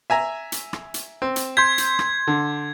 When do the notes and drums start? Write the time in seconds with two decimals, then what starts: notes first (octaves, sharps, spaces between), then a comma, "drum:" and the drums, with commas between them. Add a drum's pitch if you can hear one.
0.10 E5 G#5 A#5
0.52 drum: hi-hat
0.73 drum: rim click
0.94 drum: hi-hat
1.22 C4
1.36 drum: hi-hat
1.57 C6 G6 G#6 B6
1.78 drum: hi-hat
1.99 drum: rim click
2.27 D3